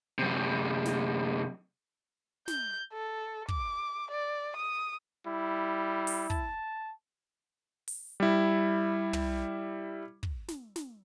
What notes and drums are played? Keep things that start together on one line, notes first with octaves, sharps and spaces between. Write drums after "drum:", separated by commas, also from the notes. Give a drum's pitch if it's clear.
F#2 C3
drum: snare
G6, drum: snare
A4
D6, drum: kick
D5
D#6
G3 E4
drum: open hi-hat
A5, drum: kick
drum: open hi-hat
G3 E4
drum: tom
drum: kick
drum: snare
drum: snare